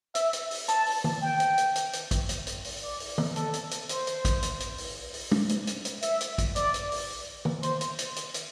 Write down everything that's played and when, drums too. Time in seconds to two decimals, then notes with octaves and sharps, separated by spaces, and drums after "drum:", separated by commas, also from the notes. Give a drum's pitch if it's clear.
0.15 E5, drum: hi-hat
0.33 drum: hi-hat
0.51 drum: open hi-hat
0.69 A5, drum: hi-hat
0.86 drum: open hi-hat
1.04 drum: tom
1.22 G5
1.40 drum: hi-hat
1.58 drum: hi-hat
1.75 drum: hi-hat
1.93 drum: hi-hat
2.11 drum: kick, hi-hat
2.29 drum: hi-hat
2.47 drum: hi-hat
2.64 drum: open hi-hat
2.82 D5
3.00 drum: open hi-hat
3.18 drum: tom
3.36 A4, drum: hi-hat
3.54 drum: hi-hat
3.71 drum: hi-hat
3.89 C5, drum: hi-hat
4.07 drum: hi-hat
4.25 drum: kick, hi-hat
4.43 drum: hi-hat
4.60 drum: hi-hat
4.78 drum: open hi-hat
5.14 drum: open hi-hat
5.32 drum: tom
5.49 drum: hi-hat
5.67 drum: hi-hat
5.85 drum: hi-hat
6.02 E5, drum: hi-hat
6.21 drum: hi-hat
6.38 drum: kick, hi-hat
6.56 D5, drum: hi-hat
6.74 drum: hi-hat
6.92 drum: open hi-hat
7.45 drum: tom
7.63 C5, drum: hi-hat
7.81 drum: hi-hat
7.99 drum: hi-hat
8.16 drum: hi-hat
8.34 drum: hi-hat